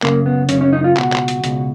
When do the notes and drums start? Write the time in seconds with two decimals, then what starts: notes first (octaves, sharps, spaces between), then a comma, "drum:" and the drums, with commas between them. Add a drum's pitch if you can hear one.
0.02 F#2 C#3 A#3, drum: clap
0.26 B3
0.49 F#2 C#3 C#4, drum: hi-hat
0.61 C#4
0.73 D#4
0.84 F4
0.97 C#2 B2 F#4, drum: clap
1.12 drum: clap
1.28 drum: hi-hat
1.44 C#2 B2, drum: hi-hat